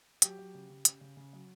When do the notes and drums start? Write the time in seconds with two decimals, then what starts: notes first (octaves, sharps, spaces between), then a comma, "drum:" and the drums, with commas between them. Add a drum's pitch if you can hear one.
0.22 F#3 G4, drum: hi-hat
0.39 F#3
0.54 C#3
0.70 C#3
0.85 C#3, drum: hi-hat
1.01 C#3
1.17 C#3
1.33 F#3